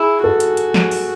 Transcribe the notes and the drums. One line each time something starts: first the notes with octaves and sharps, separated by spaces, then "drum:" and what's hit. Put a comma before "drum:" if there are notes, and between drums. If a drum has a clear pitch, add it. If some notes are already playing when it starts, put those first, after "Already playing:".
Already playing: E4 G#4
F#4 A4
drum: hi-hat
drum: hi-hat
drum: snare
drum: open hi-hat